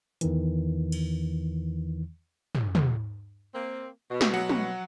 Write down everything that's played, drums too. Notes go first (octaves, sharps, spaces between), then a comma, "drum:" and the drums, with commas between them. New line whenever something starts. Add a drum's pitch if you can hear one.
E2 D#3 E3, drum: hi-hat
drum: cymbal
drum: tom
drum: tom
A#3 C4
B2
drum: snare
F#3 F#5 C#7
drum: tom